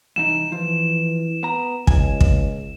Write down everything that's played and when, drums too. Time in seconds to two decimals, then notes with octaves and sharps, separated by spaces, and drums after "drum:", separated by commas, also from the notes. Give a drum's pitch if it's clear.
0.16 C2 E3 D#4 E7
0.52 F2 E3 F3
1.43 B3 A#5
1.87 C#2 G#5, drum: kick
2.21 drum: kick